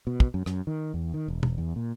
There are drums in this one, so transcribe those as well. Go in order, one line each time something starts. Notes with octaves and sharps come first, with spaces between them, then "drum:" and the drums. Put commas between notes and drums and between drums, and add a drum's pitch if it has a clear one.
B2
drum: kick
F#2
F#2, drum: rim click
D#3
E2
D#3
E1
drum: tom
E2
A#2